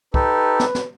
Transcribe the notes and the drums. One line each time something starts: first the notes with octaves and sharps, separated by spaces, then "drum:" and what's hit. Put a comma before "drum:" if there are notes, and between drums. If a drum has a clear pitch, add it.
D#4 G4 A4 B4, drum: kick
drum: snare
drum: snare